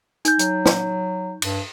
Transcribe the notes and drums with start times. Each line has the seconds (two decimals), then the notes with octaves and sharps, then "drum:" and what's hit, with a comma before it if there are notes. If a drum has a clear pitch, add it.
0.25 D#4 G6, drum: hi-hat
0.39 F#3, drum: hi-hat
0.66 drum: snare
1.42 G2, drum: cymbal